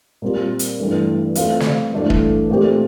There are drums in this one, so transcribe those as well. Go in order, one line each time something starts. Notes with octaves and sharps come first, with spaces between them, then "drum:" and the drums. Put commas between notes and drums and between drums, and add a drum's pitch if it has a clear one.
A#2 G3 C4 F4
drum: hi-hat
G2 E3 A3 D4
A3 C4 F4 C5 F5, drum: hi-hat
drum: snare
G2 E3 A3 D4 A4
drum: kick
A#2 A3 C4 G4 C5